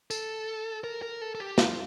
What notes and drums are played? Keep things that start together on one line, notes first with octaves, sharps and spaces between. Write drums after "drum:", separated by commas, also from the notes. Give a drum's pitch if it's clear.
A4, drum: tambourine
A#4
A#4
A4
A4
G4
F4, drum: snare